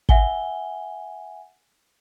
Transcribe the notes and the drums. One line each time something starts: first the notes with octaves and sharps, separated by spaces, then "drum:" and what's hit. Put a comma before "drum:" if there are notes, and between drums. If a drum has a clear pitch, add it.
E5 F#5 G#5 G7, drum: kick